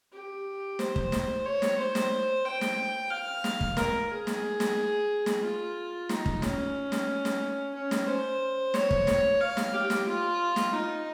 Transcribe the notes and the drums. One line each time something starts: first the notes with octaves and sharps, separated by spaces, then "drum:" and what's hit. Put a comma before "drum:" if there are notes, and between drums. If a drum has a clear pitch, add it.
G4
C5, drum: snare
drum: kick
drum: snare
C#5
drum: snare
C5
drum: snare
G5
drum: snare
F5
drum: snare
drum: kick
A#4, drum: snare
G#4
drum: snare
drum: snare
drum: snare
F4
D#4, drum: snare
drum: kick
C#4, drum: snare
drum: snare
drum: snare
C#4
drum: snare
C5
C#5, drum: snare
drum: kick
drum: snare
F5
drum: snare
G4
drum: snare
F4
drum: snare
D#4